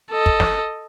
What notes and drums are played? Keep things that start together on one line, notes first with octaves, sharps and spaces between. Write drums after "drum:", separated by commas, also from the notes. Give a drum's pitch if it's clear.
A4 D#5
drum: kick
drum: snare